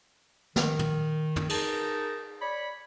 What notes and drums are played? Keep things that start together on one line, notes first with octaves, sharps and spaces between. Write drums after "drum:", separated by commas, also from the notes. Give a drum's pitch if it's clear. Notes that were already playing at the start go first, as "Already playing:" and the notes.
D#3, drum: snare
drum: tom
drum: tom
D#4 G#4 A#4 A5, drum: cymbal
C#5 D5 B5